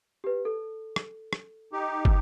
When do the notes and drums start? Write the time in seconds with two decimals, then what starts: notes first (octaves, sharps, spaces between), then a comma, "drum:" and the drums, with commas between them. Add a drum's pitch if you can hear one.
0.24 G4 B4
0.45 A4
0.96 drum: rim click
1.33 drum: rim click
1.73 D#4 G4
2.05 drum: kick